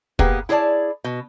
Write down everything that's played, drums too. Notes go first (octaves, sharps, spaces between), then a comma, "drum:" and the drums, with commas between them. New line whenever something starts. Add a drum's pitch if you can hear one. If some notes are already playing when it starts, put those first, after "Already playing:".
A#3 B3 G4 G#4 B4, drum: kick
E4 G#4 C#5 D5 A5
B2